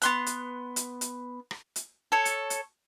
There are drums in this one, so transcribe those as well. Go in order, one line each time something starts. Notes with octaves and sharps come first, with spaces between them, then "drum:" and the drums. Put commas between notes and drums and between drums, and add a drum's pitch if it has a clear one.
B3 C6 F#6, drum: hi-hat
drum: hi-hat
drum: hi-hat
drum: hi-hat
drum: rim click
drum: hi-hat
A4 C#5
drum: hi-hat
drum: hi-hat